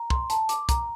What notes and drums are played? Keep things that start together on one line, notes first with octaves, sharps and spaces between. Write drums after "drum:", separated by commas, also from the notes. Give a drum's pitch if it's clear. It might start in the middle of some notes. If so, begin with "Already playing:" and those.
Already playing: A#5
C6, drum: kick
A5, drum: hi-hat
D6, drum: hi-hat
A#5, drum: kick, hi-hat